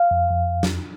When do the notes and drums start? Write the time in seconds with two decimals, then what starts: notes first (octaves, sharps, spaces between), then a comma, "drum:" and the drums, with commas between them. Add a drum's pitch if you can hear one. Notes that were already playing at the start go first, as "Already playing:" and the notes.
Already playing: F5
0.11 F2
0.31 F2
0.63 drum: snare